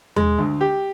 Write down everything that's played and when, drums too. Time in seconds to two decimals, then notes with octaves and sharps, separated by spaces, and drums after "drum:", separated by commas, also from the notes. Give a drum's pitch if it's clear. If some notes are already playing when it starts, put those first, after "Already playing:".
0.16 G#3, drum: tom D#2
0.39 D2
0.61 G4